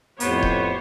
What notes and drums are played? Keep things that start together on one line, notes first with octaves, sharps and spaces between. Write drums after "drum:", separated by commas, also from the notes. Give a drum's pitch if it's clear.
F2 A2 B3 G4 C5 C#5, drum: hi-hat
drum: kick D#1